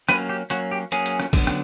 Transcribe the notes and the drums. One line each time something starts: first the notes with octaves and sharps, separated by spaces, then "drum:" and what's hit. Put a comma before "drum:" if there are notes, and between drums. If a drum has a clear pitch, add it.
F#3 A#3 C#4 B4, drum: rim click
G4
F#3 A#3 C#4 F#4, drum: hi-hat
G4
F#3 A#3 C#4 G#4, drum: hi-hat
drum: hi-hat
drum: rim click
D3 F#3 B3, drum: kick, open hi-hat
drum: rim click